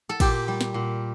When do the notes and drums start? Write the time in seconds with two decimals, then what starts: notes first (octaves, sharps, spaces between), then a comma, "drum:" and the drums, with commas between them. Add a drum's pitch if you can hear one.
0.09 A4
0.20 A#2 G4, drum: kick, cymbal
0.48 G3
0.61 drum: snare
0.74 A#2